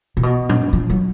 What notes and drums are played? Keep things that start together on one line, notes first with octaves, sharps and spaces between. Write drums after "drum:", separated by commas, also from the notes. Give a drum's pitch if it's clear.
A#2
B2
drum: tom
F3
F#3